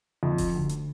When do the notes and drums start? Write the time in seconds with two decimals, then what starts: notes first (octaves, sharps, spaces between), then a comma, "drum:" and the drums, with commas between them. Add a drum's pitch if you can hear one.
0.23 F2
0.38 drum: kick D#1, open hi-hat
0.56 D2
0.69 drum: hi-hat